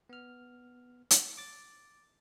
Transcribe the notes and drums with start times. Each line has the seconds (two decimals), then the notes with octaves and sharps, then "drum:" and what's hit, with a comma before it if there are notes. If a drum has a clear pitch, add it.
0.09 B3 F6
1.11 drum: hi-hat
1.37 D6 A6